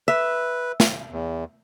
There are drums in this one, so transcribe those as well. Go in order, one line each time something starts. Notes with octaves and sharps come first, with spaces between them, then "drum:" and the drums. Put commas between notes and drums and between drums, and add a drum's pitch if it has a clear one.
B4 E5
drum: snare
E2